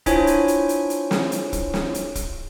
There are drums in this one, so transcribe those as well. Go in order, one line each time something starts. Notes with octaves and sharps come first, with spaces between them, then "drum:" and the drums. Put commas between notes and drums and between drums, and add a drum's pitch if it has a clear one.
D4 E4 F4 C5 C#5 G#5, drum: kick, hi-hat
drum: hi-hat
drum: hi-hat
drum: hi-hat
drum: hi-hat
drum: snare
drum: hi-hat
drum: kick, hi-hat
drum: snare
drum: hi-hat
drum: kick, hi-hat